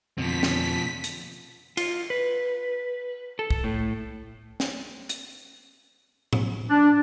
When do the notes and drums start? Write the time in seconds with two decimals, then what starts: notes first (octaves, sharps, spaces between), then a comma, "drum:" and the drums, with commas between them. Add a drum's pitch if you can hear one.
0.18 F2 B2 D3 F3 C4 B6
0.43 drum: snare
1.04 drum: hi-hat
1.77 F4, drum: cymbal
2.10 B4
3.39 A4
3.50 drum: kick
3.64 A2
4.60 drum: snare
5.09 drum: hi-hat
6.33 drum: tom A2
6.70 D4